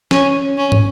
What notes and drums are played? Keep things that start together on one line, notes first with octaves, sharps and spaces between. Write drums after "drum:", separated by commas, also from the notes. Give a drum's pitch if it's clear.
C#4, drum: snare
C#4
drum: tom